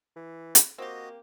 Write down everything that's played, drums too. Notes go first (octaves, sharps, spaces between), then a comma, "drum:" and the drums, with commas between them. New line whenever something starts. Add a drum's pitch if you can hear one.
E3
drum: hi-hat
A#3 C4 F#4 G4 D#5